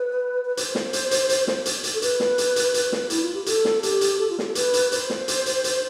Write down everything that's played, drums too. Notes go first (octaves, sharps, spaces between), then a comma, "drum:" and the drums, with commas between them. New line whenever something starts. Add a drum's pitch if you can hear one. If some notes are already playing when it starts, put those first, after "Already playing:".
Already playing: B4
B4
C5, drum: hi-hat
drum: snare
drum: hi-hat
drum: hi-hat
drum: hi-hat
drum: snare
drum: hi-hat
drum: hi-hat
A4
B4, drum: hi-hat
drum: snare
drum: hi-hat
drum: hi-hat
drum: hi-hat
drum: snare
E4, drum: hi-hat
F4
G4
A4, drum: hi-hat
drum: snare
G4, drum: hi-hat
drum: hi-hat
A4
F4
G4, drum: snare
A4
B4, drum: hi-hat
drum: hi-hat
C5, drum: hi-hat
drum: snare
drum: hi-hat
drum: hi-hat
drum: hi-hat